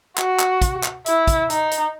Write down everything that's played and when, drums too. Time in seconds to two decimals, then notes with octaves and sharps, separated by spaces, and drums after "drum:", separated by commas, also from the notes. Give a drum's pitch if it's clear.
0.18 F#4, drum: clap
0.40 drum: clap
0.62 drum: kick, hi-hat
0.84 drum: clap
1.06 E4, drum: hi-hat
1.27 drum: kick, hi-hat
1.50 D#4, drum: hi-hat
1.71 drum: hi-hat